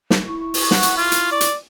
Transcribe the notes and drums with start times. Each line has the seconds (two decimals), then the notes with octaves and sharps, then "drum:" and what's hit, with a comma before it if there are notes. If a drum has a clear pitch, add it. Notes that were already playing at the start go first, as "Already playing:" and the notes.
0.10 drum: snare
0.24 E4 C#6
0.54 drum: open hi-hat
0.71 F#5, drum: snare
0.83 drum: hi-hat
0.97 F4
1.12 drum: hi-hat
1.31 D5
1.41 drum: hi-hat